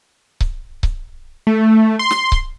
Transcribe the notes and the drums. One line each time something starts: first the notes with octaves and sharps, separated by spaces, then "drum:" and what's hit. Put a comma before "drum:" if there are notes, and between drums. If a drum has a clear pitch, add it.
drum: kick C#1
drum: kick C#1
A3
C6
drum: snare
drum: kick C#1